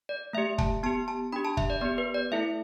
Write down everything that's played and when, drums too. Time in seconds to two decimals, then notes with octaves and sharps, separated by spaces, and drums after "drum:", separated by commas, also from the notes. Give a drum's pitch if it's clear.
0.09 D5
0.33 A3 G4 E5
0.58 A5, drum: kick
0.83 B3 G4 A5
1.08 A5
1.33 D4 G4 B5
1.45 A5
1.57 E5, drum: kick
1.70 D5
1.81 B3 G4 D5
1.98 B4
2.15 D5
2.32 A3 E4 A4 E5